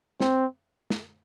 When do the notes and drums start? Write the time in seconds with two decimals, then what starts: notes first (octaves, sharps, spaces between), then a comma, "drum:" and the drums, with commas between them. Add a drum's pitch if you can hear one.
0.20 C4, drum: snare
0.90 drum: snare